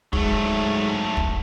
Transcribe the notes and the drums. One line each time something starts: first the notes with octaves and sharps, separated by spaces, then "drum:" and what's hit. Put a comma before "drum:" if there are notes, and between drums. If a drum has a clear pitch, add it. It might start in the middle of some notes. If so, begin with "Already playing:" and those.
G#2 F#3 A3, drum: kick
drum: kick